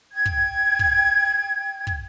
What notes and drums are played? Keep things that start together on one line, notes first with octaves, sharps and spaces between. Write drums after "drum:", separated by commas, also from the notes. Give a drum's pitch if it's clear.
G5 G#6
drum: kick
drum: kick
drum: kick